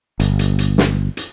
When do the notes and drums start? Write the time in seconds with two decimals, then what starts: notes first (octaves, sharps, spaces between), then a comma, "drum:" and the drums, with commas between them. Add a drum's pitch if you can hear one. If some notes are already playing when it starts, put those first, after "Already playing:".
0.20 G1, drum: hi-hat
0.39 drum: hi-hat
0.59 drum: hi-hat
0.78 drum: snare
1.17 drum: hi-hat